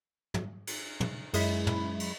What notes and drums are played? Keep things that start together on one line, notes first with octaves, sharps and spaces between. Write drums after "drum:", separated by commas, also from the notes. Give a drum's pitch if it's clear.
drum: tom
drum: cymbal
drum: tom
F#2 G#3 E4 B5, drum: cymbal
drum: tom
drum: cymbal